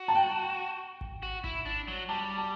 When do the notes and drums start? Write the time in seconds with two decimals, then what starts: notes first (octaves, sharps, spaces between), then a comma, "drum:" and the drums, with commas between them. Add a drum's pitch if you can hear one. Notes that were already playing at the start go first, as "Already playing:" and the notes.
Already playing: F#4
0.08 A5
0.15 G5
1.01 drum: kick G#1
1.23 F#4
1.44 E4, drum: kick G#1
1.65 D4
1.88 F#3
2.09 G3 A5
2.38 A5